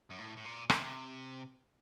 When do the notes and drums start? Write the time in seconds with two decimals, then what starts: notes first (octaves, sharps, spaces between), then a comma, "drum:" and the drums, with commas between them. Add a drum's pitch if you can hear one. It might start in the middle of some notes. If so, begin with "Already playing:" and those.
0.10 F#2
0.19 A2
0.36 A2
0.44 A#2
0.70 C3, drum: rim click